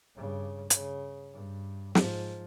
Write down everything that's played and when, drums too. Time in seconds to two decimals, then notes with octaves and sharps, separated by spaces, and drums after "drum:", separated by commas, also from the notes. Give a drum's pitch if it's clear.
0.15 G2 C#3
0.70 C#3, drum: hi-hat
1.32 G2
1.95 G#2 F3, drum: snare